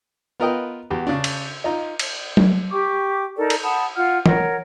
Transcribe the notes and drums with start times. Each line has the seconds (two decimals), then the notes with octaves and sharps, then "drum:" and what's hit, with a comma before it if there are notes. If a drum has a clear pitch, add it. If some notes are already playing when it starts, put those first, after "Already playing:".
0.40 B3 F4 A#4 B4 D#5 G5
0.90 E2 F#4 G4
1.07 C#3 D4
1.24 drum: cymbal
1.64 D#4 F4 A#5
1.99 drum: cymbal
2.37 drum: tom F#3
2.71 G4 G5 C#6 D6
3.38 D#4 A4 A#4 D5
3.50 drum: cymbal
3.63 F#5 A5 B5 D#6
3.97 F4 F#5 F6
4.26 A#4 C#5 F#5, drum: tom